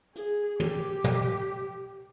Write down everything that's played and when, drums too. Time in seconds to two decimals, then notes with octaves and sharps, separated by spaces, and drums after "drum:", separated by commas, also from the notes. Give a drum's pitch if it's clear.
0.16 G#4, drum: hi-hat
0.60 G4, drum: tom
1.04 drum: tom